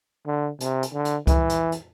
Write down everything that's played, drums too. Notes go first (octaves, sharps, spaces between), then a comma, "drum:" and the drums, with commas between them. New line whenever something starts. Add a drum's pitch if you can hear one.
D3
C3, drum: hi-hat
drum: hi-hat
D3
drum: hi-hat
E3, drum: kick C#2, hi-hat
drum: hi-hat
drum: hi-hat